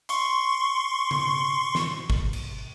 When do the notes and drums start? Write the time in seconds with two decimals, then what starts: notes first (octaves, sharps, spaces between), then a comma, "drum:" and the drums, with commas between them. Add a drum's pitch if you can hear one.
0.09 C6 C#6, drum: hi-hat
1.11 drum: tom C#3
1.75 drum: snare
2.10 drum: kick G1
2.33 drum: cymbal